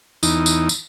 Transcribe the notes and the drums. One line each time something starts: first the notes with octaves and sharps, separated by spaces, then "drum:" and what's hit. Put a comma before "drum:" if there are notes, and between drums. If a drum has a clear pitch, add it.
E2 D#4, drum: tambourine
drum: tambourine
drum: tambourine